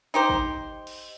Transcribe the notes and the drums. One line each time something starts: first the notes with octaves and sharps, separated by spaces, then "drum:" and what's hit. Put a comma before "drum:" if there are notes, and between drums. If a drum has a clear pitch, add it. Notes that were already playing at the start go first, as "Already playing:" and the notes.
D#4 G4 C5
drum: kick
drum: cymbal